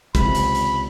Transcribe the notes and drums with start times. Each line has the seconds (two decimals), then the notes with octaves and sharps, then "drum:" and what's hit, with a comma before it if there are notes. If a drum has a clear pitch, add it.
0.15 C#2 C3 B5, drum: kick, hi-hat
0.35 drum: hi-hat
0.55 drum: hi-hat